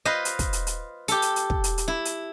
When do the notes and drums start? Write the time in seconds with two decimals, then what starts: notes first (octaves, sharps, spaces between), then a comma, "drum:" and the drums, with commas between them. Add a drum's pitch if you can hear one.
0.05 F4 B4 C5 D#5
0.25 drum: hi-hat
0.39 drum: kick, hi-hat
0.53 drum: hi-hat
0.67 drum: hi-hat
1.08 G4 A4, drum: hi-hat
1.22 drum: hi-hat
1.36 drum: hi-hat
1.50 drum: kick
1.64 drum: hi-hat
1.78 drum: hi-hat
1.88 E4
2.05 drum: hi-hat